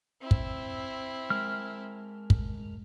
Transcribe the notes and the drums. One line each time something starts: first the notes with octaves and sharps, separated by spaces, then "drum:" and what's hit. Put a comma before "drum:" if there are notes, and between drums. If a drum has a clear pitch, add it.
C4 E4
drum: kick
G#3 A#4 F6
drum: kick